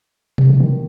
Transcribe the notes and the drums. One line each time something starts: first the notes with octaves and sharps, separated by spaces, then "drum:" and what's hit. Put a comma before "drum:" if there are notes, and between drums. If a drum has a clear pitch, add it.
C3, drum: tom B2
C3
D#3